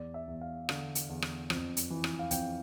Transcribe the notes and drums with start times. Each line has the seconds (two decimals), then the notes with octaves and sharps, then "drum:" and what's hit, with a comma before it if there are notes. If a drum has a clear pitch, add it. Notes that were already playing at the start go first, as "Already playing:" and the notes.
Already playing: E2 D5
0.14 E5
0.27 E2
0.41 F5
0.69 D3, drum: rim click
0.95 drum: hi-hat
1.09 E2
1.22 drum: rim click
1.50 F2, drum: rim click
1.77 drum: hi-hat
1.90 E3
2.04 drum: rim click
2.19 F5
2.31 F2 G5, drum: hi-hat